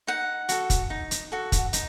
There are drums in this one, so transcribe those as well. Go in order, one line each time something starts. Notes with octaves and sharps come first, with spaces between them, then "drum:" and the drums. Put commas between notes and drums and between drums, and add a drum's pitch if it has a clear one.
D#4 F#5
F#4 A4, drum: hi-hat
drum: kick, hi-hat
D#4
drum: hi-hat
F#4 A4
drum: kick, hi-hat
D#4, drum: hi-hat